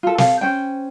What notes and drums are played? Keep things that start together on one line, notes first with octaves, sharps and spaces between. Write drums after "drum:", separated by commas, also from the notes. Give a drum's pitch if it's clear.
F4 A4
A4 F5, drum: snare
C#4 C5 G5